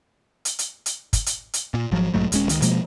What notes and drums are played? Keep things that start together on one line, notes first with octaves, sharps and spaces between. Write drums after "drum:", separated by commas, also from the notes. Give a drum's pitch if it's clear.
drum: hi-hat
drum: hi-hat
drum: hi-hat
drum: kick, hi-hat
drum: hi-hat
drum: hi-hat
A#2
G#1 F3 F#3
B1 G#2 F#3 A3
D#1 G#3 C#4, drum: hi-hat
C#2 D#3, drum: hi-hat
B2 F3 G#3 A#3, drum: hi-hat